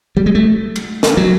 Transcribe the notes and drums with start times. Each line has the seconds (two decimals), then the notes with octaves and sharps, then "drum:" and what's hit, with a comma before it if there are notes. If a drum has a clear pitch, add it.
0.17 G3
0.26 G#3
0.35 A3
0.76 drum: cymbal
1.03 drum: snare
1.17 F#3